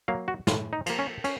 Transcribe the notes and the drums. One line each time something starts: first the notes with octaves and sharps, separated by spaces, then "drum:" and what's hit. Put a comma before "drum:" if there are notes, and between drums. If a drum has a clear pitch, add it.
F#3 A#3 F5
F#4
A2 F4, drum: snare
D#4
F3 A#3, drum: cymbal
C#4
C#4, drum: cymbal